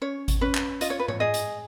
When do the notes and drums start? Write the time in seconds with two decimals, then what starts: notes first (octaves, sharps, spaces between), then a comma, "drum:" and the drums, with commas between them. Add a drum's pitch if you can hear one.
0.01 C#4 C#5
0.28 drum: kick G#1, hi-hat
0.41 C#4 B4
0.54 drum: clap
0.81 F4 D#5, drum: hi-hat
0.90 C#5
0.99 B4
1.08 C#5, drum: tom G#2
1.20 G#4 D#5
1.34 drum: hi-hat